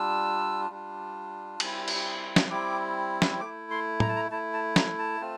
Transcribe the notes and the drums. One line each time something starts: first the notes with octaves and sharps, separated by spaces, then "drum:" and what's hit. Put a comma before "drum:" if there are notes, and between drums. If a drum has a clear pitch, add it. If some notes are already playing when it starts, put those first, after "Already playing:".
Already playing: G3 D4 F4 E6
G3 D4 F4
G3 C4 E4, drum: cymbal
drum: cymbal
drum: snare
G3 C4 E4 D6
drum: snare
A3 E4 D6
C6
A#5, drum: tom A2
A5
A#5
A3 E4 A5
A5
A#5, drum: snare
A5
A3 C4 F4